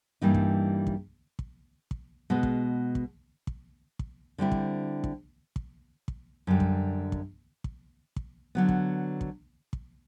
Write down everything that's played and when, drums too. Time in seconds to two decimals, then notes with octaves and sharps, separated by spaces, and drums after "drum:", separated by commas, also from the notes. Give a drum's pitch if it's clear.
0.21 G2 E3 G3 A#3 D#4
0.34 drum: kick
0.87 drum: kick
1.39 drum: kick
1.91 drum: kick
2.30 B2 G#3 B3
2.43 drum: kick
2.95 drum: kick
3.47 drum: kick
3.99 drum: kick
4.38 D3 G3 C4 E4
4.52 drum: kick
5.04 drum: kick
5.56 drum: kick
6.08 drum: kick
6.47 F#2 D3 G3
6.60 drum: kick
7.12 drum: kick
7.64 drum: kick
8.16 drum: kick
8.55 D3 F#3 B3
8.69 drum: kick
9.21 drum: kick
9.73 drum: kick